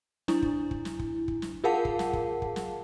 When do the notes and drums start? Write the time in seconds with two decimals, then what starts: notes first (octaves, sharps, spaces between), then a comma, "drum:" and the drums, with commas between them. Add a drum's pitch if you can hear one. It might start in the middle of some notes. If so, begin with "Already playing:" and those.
0.28 D4 E4, drum: snare
0.42 drum: kick
0.71 drum: kick
0.85 drum: snare
0.99 drum: kick
1.28 drum: kick
1.42 drum: snare
1.64 F4 G#4 A#4 F5 F#5 A5
1.85 drum: kick
1.99 drum: snare
2.13 drum: kick
2.42 drum: kick
2.56 drum: snare